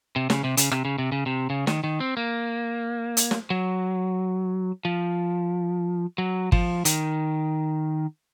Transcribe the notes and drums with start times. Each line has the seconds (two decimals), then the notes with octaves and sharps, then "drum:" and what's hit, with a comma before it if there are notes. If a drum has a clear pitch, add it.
0.16 C3
0.30 C#3, drum: snare
0.44 C3
0.57 C#3, drum: hi-hat
0.72 C3, drum: rim click
0.85 C#3
0.98 C3
1.12 C#3
1.26 C3
1.50 C#3
1.67 D#3, drum: snare
1.84 D#3
2.00 C4
2.17 A#3
3.17 drum: hi-hat
3.31 drum: snare
3.50 F#3
4.85 F3
6.18 F#3
6.52 F3, drum: kick G#1
6.85 D#3, drum: hi-hat